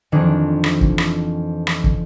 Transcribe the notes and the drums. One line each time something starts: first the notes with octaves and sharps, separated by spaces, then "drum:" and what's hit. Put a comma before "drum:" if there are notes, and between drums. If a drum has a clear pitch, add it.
F2 D#3 E3 C4 D4
drum: rim click
drum: kick
drum: rim click
drum: rim click
drum: kick